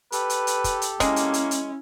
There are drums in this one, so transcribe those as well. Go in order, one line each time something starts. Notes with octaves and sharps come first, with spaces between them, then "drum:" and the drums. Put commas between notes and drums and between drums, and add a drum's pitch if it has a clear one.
G4 A4 B4, drum: hi-hat
drum: hi-hat
drum: hi-hat
drum: kick, hi-hat
drum: hi-hat
G#3 A#3 C#4 E4, drum: kick, hi-hat
drum: hi-hat
drum: hi-hat
drum: hi-hat